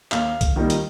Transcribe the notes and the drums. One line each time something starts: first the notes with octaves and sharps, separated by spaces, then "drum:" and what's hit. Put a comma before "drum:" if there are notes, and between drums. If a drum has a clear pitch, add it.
D#2 F5, drum: clap
drum: kick C2, hi-hat
D#3 G3 A#3 D#4
drum: hi-hat